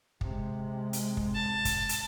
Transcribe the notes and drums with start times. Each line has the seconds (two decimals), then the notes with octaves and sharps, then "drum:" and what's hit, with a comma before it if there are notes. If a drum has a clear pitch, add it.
0.21 C3 G#3, drum: kick
0.93 drum: hi-hat
1.17 drum: kick
1.35 A5
1.65 drum: kick, hi-hat
1.89 drum: hi-hat